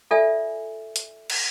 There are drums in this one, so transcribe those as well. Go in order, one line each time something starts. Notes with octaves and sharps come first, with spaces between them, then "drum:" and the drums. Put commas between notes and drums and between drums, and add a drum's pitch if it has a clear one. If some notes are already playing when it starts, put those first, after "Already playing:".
F4 A4 D5 E5 G#5
drum: hi-hat
drum: cymbal